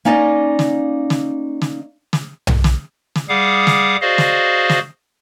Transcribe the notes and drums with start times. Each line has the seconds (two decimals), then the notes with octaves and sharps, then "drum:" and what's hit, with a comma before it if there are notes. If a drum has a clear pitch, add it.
0.05 A#3 C#4 D#4 D5 D#5
0.59 drum: snare
1.10 drum: snare
1.62 drum: snare
2.13 drum: snare
2.47 drum: tom B1
2.64 drum: snare
3.16 drum: snare
3.29 G3 G#4 F5 F#5 D6 D#6
3.67 drum: snare
4.01 F#4 G#4 C5 D5 D#5 F5
4.18 drum: snare
4.70 drum: snare